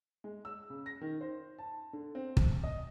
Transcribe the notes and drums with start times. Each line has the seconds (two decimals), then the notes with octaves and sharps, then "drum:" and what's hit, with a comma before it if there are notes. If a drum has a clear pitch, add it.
0.24 G#3
0.45 E6
0.70 C#3
0.86 A#6
1.01 D#3
1.21 C5
1.59 A5
1.93 D3
2.15 C4
2.37 C3, drum: kick
2.64 D#5